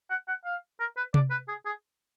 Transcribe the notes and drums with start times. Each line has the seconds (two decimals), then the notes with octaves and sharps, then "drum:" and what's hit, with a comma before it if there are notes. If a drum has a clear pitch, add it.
0.10 F#5
0.28 F#5
0.45 F5
0.80 A#4
0.97 B4
1.14 D5, drum: tom C3
1.31 B4
1.48 G#4
1.66 G#4